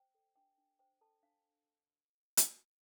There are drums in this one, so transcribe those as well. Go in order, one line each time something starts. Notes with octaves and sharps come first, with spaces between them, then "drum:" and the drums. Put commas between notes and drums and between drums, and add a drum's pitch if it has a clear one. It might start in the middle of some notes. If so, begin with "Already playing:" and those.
Already playing: C5 G5
A4
D4 G5
D4
C5 G5
A4 A5
D4 F5
drum: hi-hat